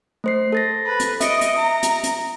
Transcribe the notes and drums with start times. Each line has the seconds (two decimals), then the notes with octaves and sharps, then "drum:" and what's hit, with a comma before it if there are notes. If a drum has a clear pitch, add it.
0.24 A3 C5 C7
0.52 A4 A6 A#6
0.86 B4
1.00 drum: hi-hat
1.20 D#5 E5 C#7 D7, drum: hi-hat
1.41 drum: hi-hat
1.58 A#5
1.83 drum: hi-hat
2.03 drum: hi-hat